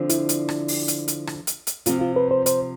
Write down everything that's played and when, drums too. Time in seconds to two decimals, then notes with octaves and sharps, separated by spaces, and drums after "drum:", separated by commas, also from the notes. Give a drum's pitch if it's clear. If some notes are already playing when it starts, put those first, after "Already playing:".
Already playing: D3 F3 C4
0.09 E4, drum: hi-hat
0.29 drum: hi-hat
0.49 drum: rim click
0.68 drum: open hi-hat
0.88 drum: hi-hat
1.08 drum: hi-hat
1.27 drum: rim click
1.47 drum: hi-hat
1.67 drum: hi-hat
1.86 C3 F3 C4 F4, drum: hi-hat
2.01 F4
2.16 B4
2.31 C5
2.46 C5, drum: hi-hat